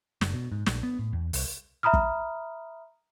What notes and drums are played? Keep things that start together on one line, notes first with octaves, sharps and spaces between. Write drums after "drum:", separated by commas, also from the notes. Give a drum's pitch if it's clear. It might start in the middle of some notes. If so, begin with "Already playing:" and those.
F#1, drum: snare
B2
G#2
A#1, drum: snare
B3
A2
E2
C2, drum: open hi-hat
E5 A#5 B5 D#6 F6
drum: kick